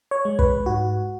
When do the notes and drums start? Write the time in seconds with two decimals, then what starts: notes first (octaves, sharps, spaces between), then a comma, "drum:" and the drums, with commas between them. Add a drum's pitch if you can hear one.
0.11 C#5
0.25 G#3
0.39 B4, drum: kick
0.66 G#2 F#4